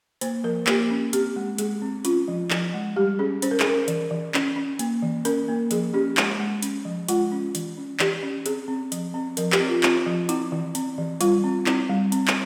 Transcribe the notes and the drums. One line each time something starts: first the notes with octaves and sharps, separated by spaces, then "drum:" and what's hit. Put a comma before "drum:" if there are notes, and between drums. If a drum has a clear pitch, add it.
A#3 C5, drum: hi-hat
F3 A#4
A#3 G4, drum: clap
C#4
C4 G4, drum: hi-hat
G#3
G#3 G#4, drum: hi-hat
C4
C#4 F4, drum: hi-hat
F3
F3, drum: clap
G#3
G3 G4
C#4 G#4
C#4 C5, drum: hi-hat
A#4
G#4, drum: clap
C#4 A#4
E3, drum: hi-hat
E3
C#4, drum: clap
C#4
A#3, drum: hi-hat
E3
C#4 A#4, drum: hi-hat
A#3
F3 G#4, drum: hi-hat
C#4 G4
G#3, drum: clap
G#3
C#4, drum: hi-hat
F3
G#3 F4, drum: hi-hat
C#4
E3, drum: hi-hat
C#4
E3 G4, drum: clap
C#4
C4 G#4, drum: hi-hat
C4
F3, drum: hi-hat
C4
F3 A#4, drum: hi-hat
G4, drum: clap
C4
F4
C4 F4, drum: clap
F3
C4 E4, drum: hi-hat
E3
C4, drum: hi-hat
E3
G3 F4, drum: hi-hat
C4
C4 E4, drum: clap
G3
C4, drum: hi-hat
drum: clap